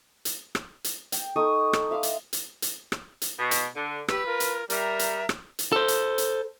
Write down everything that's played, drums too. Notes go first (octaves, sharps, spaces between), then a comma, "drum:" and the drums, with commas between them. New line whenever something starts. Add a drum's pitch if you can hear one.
drum: hi-hat
drum: rim click
drum: hi-hat
G5, drum: hi-hat
D#4 A4 C#6 D#6
drum: rim click
E5 F5 C6 D6
drum: hi-hat
drum: hi-hat
drum: hi-hat
drum: rim click
drum: hi-hat
B2
drum: hi-hat
D3
G4 B4 E6, drum: rim click
F4 A#4
drum: hi-hat
G3 A#4 E5 A#5, drum: hi-hat
drum: hi-hat
drum: rim click
drum: hi-hat
A4 C5
drum: hi-hat
drum: hi-hat